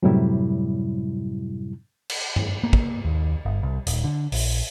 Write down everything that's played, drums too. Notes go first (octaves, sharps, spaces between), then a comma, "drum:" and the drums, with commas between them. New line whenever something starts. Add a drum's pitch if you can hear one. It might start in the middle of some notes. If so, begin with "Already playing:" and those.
F#2 A2 C3 F#3 G3 E4
drum: cymbal
drum: tom G2
A#3
drum: kick
D#2
G1
C2
D#1, drum: hi-hat
D3
A#1, drum: open hi-hat